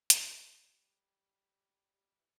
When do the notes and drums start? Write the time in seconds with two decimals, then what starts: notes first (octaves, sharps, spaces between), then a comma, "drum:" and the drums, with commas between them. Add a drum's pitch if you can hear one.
0.10 G3, drum: hi-hat
1.93 G3
2.19 E3